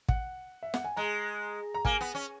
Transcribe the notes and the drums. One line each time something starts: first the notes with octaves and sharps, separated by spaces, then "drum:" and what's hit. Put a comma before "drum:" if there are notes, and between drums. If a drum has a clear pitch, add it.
F#5, drum: kick
E5
F#5, drum: snare
G#5
G#3 A#5
A#5
A#3 G#5, drum: kick
B3
C#4